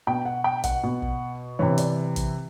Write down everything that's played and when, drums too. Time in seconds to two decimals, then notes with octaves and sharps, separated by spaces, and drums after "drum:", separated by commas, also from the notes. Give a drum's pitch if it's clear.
0.07 B2 G5
0.25 F#5
0.44 G5
0.64 F#5, drum: kick, hi-hat
0.84 B2
1.02 drum: kick
1.59 C3 E3 C#5
1.78 D5, drum: hi-hat
2.16 drum: kick, hi-hat